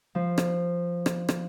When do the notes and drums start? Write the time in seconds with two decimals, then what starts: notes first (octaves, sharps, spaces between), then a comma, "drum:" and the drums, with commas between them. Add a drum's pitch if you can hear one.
0.15 F3
0.38 drum: rim click
1.06 drum: rim click
1.29 drum: rim click